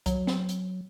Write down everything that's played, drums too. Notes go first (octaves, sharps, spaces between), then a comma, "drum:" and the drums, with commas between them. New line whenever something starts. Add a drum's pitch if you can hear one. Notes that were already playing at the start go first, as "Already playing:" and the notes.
F#3, drum: kick C2, hi-hat
drum: snare
drum: hi-hat